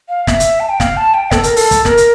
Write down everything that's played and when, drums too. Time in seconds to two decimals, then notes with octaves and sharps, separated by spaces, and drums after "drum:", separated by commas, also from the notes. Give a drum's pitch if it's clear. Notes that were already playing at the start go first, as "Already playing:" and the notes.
0.09 F5
0.27 E5, drum: snare
0.40 drum: hi-hat
0.60 A5
0.69 G5
0.80 F5, drum: snare
0.97 A5
1.14 G5
1.31 A4, drum: snare
1.43 A#4, drum: hi-hat
1.56 A4, drum: open hi-hat
1.71 drum: kick, hi-hat
1.85 A#4, drum: snare
1.97 drum: hi-hat